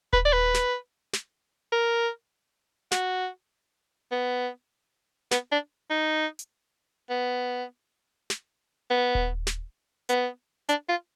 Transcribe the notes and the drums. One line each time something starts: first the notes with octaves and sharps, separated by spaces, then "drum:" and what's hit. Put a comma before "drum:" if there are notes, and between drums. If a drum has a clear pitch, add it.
B4, drum: kick D#1
D5
B4
drum: snare
drum: snare
A#4
F#4, drum: snare
B3
B3, drum: snare
D4
D#4
drum: hi-hat
B3
drum: snare
B3
drum: kick D#1
drum: snare
B3, drum: hi-hat
D4, drum: hi-hat
F4